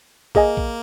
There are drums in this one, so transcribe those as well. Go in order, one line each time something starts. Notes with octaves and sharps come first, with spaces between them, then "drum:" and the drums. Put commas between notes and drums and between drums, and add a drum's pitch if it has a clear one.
A#3 G#4 D#5 G#5, drum: kick
drum: kick